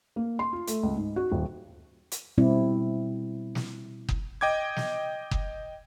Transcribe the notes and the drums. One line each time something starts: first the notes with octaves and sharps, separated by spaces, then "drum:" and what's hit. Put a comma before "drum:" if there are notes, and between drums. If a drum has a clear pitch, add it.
A#3
C6
F4
A3, drum: hi-hat
C#2
G#2
F#4
D#1
drum: hi-hat
B2 G3 C4 E4 D5
drum: snare
drum: kick F#1
D#5 G5 D6 G#6
drum: snare
drum: kick F#1